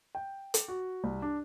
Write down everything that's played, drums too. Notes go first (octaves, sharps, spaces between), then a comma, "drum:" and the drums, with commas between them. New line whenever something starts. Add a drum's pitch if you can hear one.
G5
drum: hi-hat
F#4
C2
D4